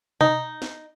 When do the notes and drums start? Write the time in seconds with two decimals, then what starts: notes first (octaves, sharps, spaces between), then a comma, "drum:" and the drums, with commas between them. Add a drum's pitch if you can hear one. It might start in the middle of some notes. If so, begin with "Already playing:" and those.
0.21 D#4, drum: tom B2
0.62 drum: snare